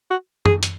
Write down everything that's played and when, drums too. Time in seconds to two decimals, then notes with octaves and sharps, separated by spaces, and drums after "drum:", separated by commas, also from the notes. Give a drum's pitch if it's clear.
0.11 F#4
0.46 G#4, drum: tom F#2
0.63 drum: hi-hat